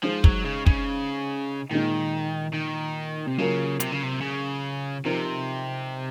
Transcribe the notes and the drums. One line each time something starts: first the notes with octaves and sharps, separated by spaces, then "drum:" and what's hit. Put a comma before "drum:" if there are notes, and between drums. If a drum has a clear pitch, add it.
F3 G#3 D#4 G#4 C5
F#3, drum: kick
C#3
C#3, drum: kick
A#2 D#3 G#3 D#4
D#3
C3
C#3 F#3 A#3 F4 A#4
C3, drum: hi-hat
C#3
C3
C#3
C3 F3 C4 D#4 A#4